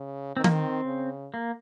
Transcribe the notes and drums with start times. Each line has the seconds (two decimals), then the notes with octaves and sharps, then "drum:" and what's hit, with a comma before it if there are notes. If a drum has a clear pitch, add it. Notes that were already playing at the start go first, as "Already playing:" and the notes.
Already playing: C#3
0.37 D#3 C4
0.44 A#3, drum: tom D#3
0.51 C4
0.85 C#3
1.34 A#3